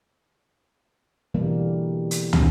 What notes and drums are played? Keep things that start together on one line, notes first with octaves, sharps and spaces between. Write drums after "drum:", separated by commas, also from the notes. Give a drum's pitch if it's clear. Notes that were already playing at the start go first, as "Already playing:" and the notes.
B2 D3 E3 G3 A#3
drum: hi-hat
D#3 F#3 B3 C#4, drum: tom